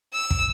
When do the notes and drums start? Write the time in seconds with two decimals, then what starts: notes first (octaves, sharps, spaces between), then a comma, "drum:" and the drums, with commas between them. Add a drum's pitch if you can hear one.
0.14 E6
0.31 drum: kick